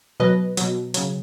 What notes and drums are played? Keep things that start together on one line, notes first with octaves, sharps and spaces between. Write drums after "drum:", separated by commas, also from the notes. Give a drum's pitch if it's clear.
B2 F#3 B4 D#5
B2 F#3, drum: hi-hat
C#3 F#3, drum: hi-hat